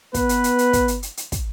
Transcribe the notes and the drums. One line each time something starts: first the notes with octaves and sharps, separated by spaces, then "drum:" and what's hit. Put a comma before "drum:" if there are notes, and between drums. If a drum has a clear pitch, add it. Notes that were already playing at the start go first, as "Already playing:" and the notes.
B3 B4, drum: kick, hi-hat
drum: hi-hat
drum: hi-hat
drum: hi-hat
drum: kick, hi-hat
drum: hi-hat
drum: hi-hat
drum: hi-hat
drum: kick, hi-hat